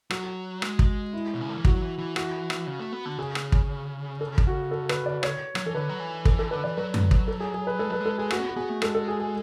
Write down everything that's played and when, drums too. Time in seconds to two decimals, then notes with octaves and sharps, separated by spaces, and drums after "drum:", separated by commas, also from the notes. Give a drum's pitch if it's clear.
0.10 F#3 F#4, drum: rim click
0.62 G#3, drum: rim click
0.79 drum: kick
1.13 E4
1.34 B2
1.41 C#3
1.49 D3
1.57 E3
1.65 F#3 F#4, drum: kick
1.75 F#3
1.82 E3
1.98 E3
2.16 F#4, drum: rim click
2.50 drum: rim click
2.67 C#3
2.80 A3
2.92 B3
3.05 D3
3.18 C#3 G#4
3.35 drum: rim click
3.52 drum: kick
4.21 A4
4.38 drum: kick
4.47 F#4
4.71 A4
4.89 B4, drum: rim click
5.06 D5
5.23 C#5, drum: rim click
5.55 F#3, drum: rim click
5.65 E3 A4
5.74 D3 B4
5.89 F#3
6.00 E3
6.25 A4, drum: kick
6.39 A4
6.51 D3 B4
6.64 E3 D5
6.77 F#3 B4
6.94 drum: tom F#2
7.11 drum: kick
7.28 A4
7.40 G#4
7.54 G#4
7.67 B4
7.79 G#3 A4
7.90 F#3 B4
8.00 G#3
8.06 A4
8.18 G#3 G#4
8.31 A3 F#4, drum: rim click
8.39 C#4
8.44 B3
8.49 F#4
8.56 B3 G#4
8.69 A3
8.82 G#3 A4, drum: rim click
8.95 A4
9.08 G#4
9.20 G#4